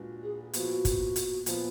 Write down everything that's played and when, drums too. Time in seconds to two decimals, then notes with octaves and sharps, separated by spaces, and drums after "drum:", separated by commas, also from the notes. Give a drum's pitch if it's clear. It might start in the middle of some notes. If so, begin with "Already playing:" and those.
Already playing: A#2 G#3 D4 F#4 B4
0.23 G#4
0.53 A#2 F3 B3 F#4, drum: hi-hat
0.85 drum: kick G1, hi-hat
1.16 drum: hi-hat
1.46 A#2 F3 B3, drum: hi-hat